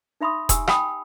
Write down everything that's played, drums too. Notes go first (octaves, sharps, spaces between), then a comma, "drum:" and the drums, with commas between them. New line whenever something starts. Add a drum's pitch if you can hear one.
D#4 E5 B5 C6 D#6
G4 G#5 E6, drum: kick E1, hi-hat
G5 G#5 B5 D#6, drum: rim click